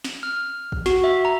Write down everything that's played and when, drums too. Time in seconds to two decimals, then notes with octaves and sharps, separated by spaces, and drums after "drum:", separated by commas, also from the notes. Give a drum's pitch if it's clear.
0.04 drum: snare
0.23 F6
0.72 drum: kick
0.86 F#4, drum: snare
1.04 E5
1.25 A#5